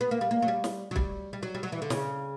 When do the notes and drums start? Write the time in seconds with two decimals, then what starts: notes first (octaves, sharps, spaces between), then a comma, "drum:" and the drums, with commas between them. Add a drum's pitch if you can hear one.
0.01 B3
0.11 A#3
0.21 G3
0.31 A#3
0.42 F#3
0.48 G3
0.64 drum: snare
0.91 F#3
0.96 G3, drum: kick
1.33 G3
1.43 F#3
1.55 G3
1.63 F#3
1.72 E3
1.82 D3
1.90 C#3, drum: snare